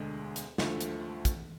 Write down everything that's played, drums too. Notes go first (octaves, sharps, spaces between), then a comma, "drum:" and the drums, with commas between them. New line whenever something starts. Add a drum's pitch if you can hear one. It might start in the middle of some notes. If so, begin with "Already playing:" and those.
Already playing: E1 D2 D3 G#3
drum: hi-hat
D2 D3 F3 A3, drum: snare
drum: hi-hat
drum: kick, hi-hat